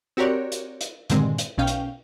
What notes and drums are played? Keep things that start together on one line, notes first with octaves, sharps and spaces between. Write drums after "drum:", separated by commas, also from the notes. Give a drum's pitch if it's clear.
C4 F#4 G4 A#4 C#5 D5
drum: hi-hat
drum: hi-hat
G2 A#2 D3 D#3 G#3 C4, drum: hi-hat
drum: hi-hat
B1 B2 C#4 F5 G5
drum: hi-hat